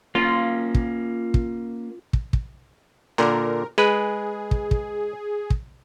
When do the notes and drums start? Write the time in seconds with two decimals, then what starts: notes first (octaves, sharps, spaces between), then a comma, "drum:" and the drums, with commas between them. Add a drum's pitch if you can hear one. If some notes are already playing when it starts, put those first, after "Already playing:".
0.15 A#3 C#4 F4
0.75 drum: kick
1.34 drum: kick
2.13 drum: kick
2.33 drum: kick
3.18 A#2 D3 A#4
3.78 G#3 G#4 B4
4.51 drum: kick
4.71 drum: kick
5.50 drum: kick